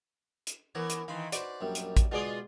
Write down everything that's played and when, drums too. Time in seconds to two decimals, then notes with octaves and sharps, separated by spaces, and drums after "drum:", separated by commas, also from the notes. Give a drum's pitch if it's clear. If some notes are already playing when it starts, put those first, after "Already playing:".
0.47 drum: hi-hat
0.75 E3 B3 A#4 C#5
0.90 drum: hi-hat
1.08 D#3 E3 F5 B5 C6
1.32 F#4 B4 C5 D5, drum: hi-hat
1.61 A#1 F#2 G3
1.75 drum: hi-hat
1.97 drum: kick, hi-hat
2.11 B2 G#3 B3 F4 G#4 D5